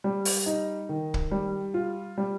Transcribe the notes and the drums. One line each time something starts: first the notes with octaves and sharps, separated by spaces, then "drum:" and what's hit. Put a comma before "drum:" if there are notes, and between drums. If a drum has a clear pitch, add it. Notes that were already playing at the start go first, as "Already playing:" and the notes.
G3
drum: open hi-hat
D#4
D#3
drum: kick
G3
F4
G3